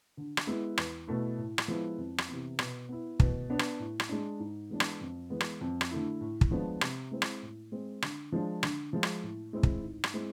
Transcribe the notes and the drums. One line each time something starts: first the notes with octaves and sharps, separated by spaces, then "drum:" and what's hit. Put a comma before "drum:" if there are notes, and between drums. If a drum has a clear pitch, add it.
D3
drum: rim click
G#3 B3 E4
E2, drum: rim click
B2 A3 E4
A2
drum: rim click
F3 G#3 B3 E4
F2
drum: rim click
C3 E3 B3
B2, drum: rim click
B3 E4
B2, drum: kick
B3 D4
drum: rim click
A2
drum: rim click
G#3 D4
G#2
E3 G#3 B3 D4
drum: rim click
F2
E3 G#3 B3
drum: rim click
F2
drum: rim click
D3 A3 E4
A2
drum: kick
F3 G#3 B3 D4
C3, drum: rim click
G#3 C4 E4
drum: rim click
A2
G#3 C4
D3, drum: rim click
F3 G#3 D4
D3, drum: rim click
F3 G#3
drum: rim click
A2
G#3 C4 E4
drum: kick
G#2
drum: rim click
G#3 C4 E4